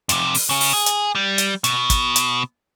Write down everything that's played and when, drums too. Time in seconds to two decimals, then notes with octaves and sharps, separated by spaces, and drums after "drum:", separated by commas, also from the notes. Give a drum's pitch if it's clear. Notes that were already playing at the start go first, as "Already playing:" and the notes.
0.09 F2 C3, drum: hi-hat
0.34 drum: open hi-hat
0.49 C#3 C#4
0.60 drum: open hi-hat
0.73 G#4
0.86 drum: hi-hat
1.15 G3
1.38 drum: hi-hat
1.64 B2, drum: hi-hat
1.90 drum: kick, hi-hat
2.16 drum: hi-hat